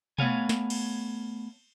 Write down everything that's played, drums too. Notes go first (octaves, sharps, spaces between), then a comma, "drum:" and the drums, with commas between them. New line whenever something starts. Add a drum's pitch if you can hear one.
A3 B3 C#5 F5 F#5 G#5, drum: tom B2
drum: snare
drum: cymbal